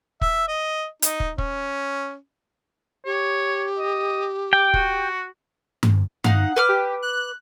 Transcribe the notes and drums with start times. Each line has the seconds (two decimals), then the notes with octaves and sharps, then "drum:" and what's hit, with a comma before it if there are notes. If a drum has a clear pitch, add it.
0.21 E5, drum: kick
0.48 D#5
1.02 D#4, drum: hi-hat
1.20 drum: kick
1.38 C#4, drum: kick
3.05 G4 C#5
3.78 D#5
4.53 G5 D6
4.74 F#4, drum: kick
5.83 drum: tom G2
6.24 D#4 F5 F#5, drum: tom G2
6.56 B4 D6 F6
6.69 G4
7.02 F#6